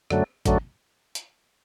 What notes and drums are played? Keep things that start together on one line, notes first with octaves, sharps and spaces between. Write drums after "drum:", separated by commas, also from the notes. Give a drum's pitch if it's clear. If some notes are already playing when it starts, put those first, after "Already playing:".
F#2 D3 F#3 A3, drum: rim click
F#2 D3 F#3 A3, drum: kick, hi-hat
drum: hi-hat